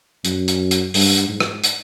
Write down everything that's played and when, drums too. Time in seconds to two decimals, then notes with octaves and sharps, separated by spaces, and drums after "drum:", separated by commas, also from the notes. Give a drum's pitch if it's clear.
0.25 F#2, drum: hi-hat
0.48 drum: hi-hat
0.71 drum: hi-hat
0.94 G2, drum: open hi-hat
1.17 drum: hi-hat
1.29 G#2
1.40 drum: rim click
1.64 drum: hi-hat